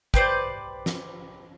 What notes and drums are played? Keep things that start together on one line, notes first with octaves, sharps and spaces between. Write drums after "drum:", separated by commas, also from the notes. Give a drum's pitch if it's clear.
G4 B4 C5 D5, drum: kick
drum: snare